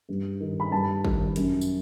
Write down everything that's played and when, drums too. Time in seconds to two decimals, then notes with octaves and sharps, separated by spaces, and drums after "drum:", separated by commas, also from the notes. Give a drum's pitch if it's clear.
0.09 G2
0.40 D#3
0.60 B5
0.72 G2 A5
1.05 D#3, drum: kick
1.36 F#2, drum: hi-hat
1.61 drum: tambourine